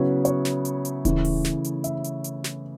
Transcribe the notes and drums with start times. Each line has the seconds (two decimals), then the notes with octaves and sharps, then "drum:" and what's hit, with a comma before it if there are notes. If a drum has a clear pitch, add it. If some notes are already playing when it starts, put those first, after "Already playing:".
Already playing: C#3 F#3 B3 E4 C#5
0.25 C#5, drum: hi-hat
0.45 drum: snare
0.65 drum: hi-hat
0.85 drum: hi-hat
1.05 C#3 E3 A3 E4, drum: kick D#1, hi-hat
1.25 drum: open hi-hat
1.45 drum: snare
1.64 drum: hi-hat
1.84 E5, drum: hi-hat
2.04 drum: hi-hat
2.24 drum: hi-hat
2.44 drum: snare